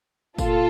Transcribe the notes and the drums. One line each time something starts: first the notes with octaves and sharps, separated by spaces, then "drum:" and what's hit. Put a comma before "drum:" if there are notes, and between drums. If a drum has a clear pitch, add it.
A#2 F4 A4, drum: kick, tambourine